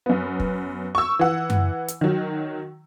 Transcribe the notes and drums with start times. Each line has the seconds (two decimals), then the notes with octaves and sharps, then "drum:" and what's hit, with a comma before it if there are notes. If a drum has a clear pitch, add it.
0.06 F#2 B3
0.40 drum: kick
0.95 C#6 E6
1.19 E3 F#5
1.50 drum: tom F#2
1.88 drum: hi-hat
2.01 D#3 F#3